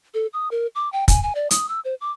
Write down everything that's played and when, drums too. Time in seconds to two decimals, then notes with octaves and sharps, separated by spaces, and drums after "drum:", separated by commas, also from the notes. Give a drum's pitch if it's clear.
0.14 A4
0.33 D#6
0.51 A#4
0.75 D6
0.92 G5
1.08 G#5, drum: kick, hi-hat
1.23 G#5
1.35 D5
1.51 D#6, drum: hi-hat
1.69 E6
1.85 C5
2.01 D6